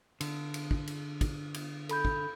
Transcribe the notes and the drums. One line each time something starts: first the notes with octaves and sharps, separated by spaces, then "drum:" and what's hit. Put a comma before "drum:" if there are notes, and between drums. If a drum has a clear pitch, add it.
D3, drum: cymbal
drum: cymbal
drum: kick
drum: cymbal
drum: kick, cymbal
drum: cymbal
A4 B5 G6, drum: cymbal
drum: kick